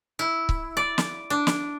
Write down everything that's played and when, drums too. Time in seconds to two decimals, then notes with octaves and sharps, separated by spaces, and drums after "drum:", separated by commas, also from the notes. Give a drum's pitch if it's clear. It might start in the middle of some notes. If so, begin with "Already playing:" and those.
0.19 E4
0.49 drum: kick C#1
0.77 D5
0.98 drum: snare
1.30 D4
1.47 drum: snare